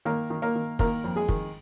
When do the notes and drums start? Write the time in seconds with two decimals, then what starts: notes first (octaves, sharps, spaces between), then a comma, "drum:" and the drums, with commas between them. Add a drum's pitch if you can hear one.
0.05 D#3 A#3 A#4
0.30 D#3
0.42 A#3 A#4
0.55 D#3
0.79 D#3 A#3 A#4, drum: kick
1.04 F2
1.16 G#3 G#4
1.29 D#3, drum: kick